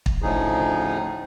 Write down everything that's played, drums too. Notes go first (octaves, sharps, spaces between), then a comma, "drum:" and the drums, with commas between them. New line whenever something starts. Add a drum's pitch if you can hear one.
drum: kick
D2 A2 C#3 F3 D#4 G#4